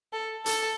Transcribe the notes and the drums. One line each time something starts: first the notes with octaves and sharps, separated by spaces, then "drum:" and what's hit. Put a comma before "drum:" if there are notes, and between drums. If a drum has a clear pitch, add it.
A4
A4, drum: hi-hat